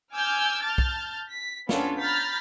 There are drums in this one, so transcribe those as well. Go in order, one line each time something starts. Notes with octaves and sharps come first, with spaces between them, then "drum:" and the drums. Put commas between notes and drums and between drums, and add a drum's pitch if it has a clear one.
G#5 D6 E6 F6 G6
A5 F6 G6 A6
drum: kick B1
B6
B3 C#4 D4 F4 A4, drum: snare
A#5 B5 F6 G6 A6 B6